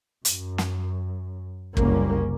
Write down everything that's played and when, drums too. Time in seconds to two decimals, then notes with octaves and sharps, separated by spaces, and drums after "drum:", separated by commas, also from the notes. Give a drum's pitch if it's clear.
0.25 F#2, drum: hi-hat
0.58 drum: snare
1.77 F#1 C2 F#2 G3 A#3 C#4, drum: kick